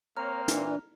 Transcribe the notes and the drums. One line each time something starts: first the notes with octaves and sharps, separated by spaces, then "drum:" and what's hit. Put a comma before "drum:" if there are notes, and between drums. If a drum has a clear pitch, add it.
A#3 C4 C#5 A#5 F6
A#2 E3 D4, drum: hi-hat